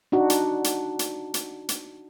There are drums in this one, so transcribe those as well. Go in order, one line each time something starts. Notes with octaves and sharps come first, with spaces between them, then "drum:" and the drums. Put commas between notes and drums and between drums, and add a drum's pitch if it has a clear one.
D4 D#4 F#4
drum: hi-hat
drum: hi-hat
drum: hi-hat
drum: hi-hat
drum: hi-hat